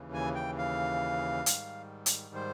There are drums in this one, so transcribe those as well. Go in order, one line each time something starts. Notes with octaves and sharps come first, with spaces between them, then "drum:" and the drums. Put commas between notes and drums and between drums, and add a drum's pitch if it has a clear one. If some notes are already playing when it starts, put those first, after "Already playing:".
Already playing: D#2 C#3 E3
G#5
G5
F5
G#2 D#3 G3, drum: hi-hat
drum: hi-hat
C5